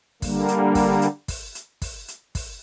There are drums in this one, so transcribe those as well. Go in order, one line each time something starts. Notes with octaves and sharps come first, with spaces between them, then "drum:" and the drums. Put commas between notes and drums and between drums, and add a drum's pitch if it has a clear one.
D3 G3 A#3, drum: kick, open hi-hat
drum: hi-hat
drum: kick, open hi-hat
drum: hi-hat
drum: kick, open hi-hat
drum: hi-hat
drum: kick, open hi-hat
drum: hi-hat
drum: kick, open hi-hat